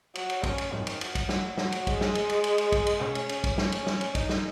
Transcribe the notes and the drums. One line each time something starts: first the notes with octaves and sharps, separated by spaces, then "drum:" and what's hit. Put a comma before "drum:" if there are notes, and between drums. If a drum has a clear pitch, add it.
F#3, drum: cymbal
drum: cymbal
C#4, drum: kick, cymbal
drum: cymbal
D#3, drum: tom G#2
drum: cymbal
F#3, drum: cymbal
drum: kick, cymbal
F#3, drum: snare
F#3, drum: snare
drum: cymbal
G#3, drum: kick, cymbal
drum: snare
drum: cymbal
drum: cymbal
drum: cymbal
drum: cymbal
drum: kick, cymbal
drum: cymbal
C#4, drum: tom B2
drum: cymbal
C#4, drum: cymbal
drum: kick, cymbal
C#4, drum: snare
drum: cymbal
drum: snare
drum: cymbal
D#4, drum: kick, cymbal
drum: snare